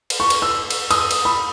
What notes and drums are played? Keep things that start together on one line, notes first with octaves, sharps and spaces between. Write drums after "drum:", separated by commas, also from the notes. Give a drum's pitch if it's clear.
drum: cymbal
C#6
drum: cymbal
E6
drum: cymbal
D#6, drum: cymbal
drum: cymbal
B5